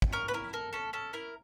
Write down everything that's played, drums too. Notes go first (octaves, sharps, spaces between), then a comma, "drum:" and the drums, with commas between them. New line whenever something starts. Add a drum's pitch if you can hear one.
drum: kick
C#4 A#4
B4
E4 A#4
A4 A#4
C#4 A4
C#4 A4
E4 A#4